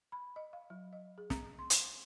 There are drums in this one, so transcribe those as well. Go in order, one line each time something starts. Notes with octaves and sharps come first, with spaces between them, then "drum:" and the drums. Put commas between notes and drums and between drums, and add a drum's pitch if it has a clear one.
B5
D#5
F5
F#3
D#5
G#4
A#5, drum: snare
C6
drum: hi-hat